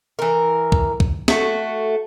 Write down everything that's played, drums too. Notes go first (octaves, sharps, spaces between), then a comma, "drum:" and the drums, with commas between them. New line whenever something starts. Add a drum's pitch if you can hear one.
E3 A#4
drum: kick
drum: kick
A3 F#4, drum: snare